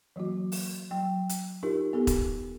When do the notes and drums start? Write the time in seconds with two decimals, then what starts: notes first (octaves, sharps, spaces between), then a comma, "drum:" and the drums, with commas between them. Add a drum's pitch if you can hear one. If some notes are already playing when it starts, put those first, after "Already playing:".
0.16 E3 F#3 A#3 F#4
0.52 drum: open hi-hat
0.91 F#3 G5
1.29 drum: hi-hat
1.63 D#4 F4 G4 A#4
1.93 B3 G4 A4
2.07 drum: kick E1, hi-hat